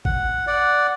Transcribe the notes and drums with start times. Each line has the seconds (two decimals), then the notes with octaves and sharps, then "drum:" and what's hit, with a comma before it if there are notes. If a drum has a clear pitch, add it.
0.05 F#5, drum: kick G#1
0.47 D5 F#5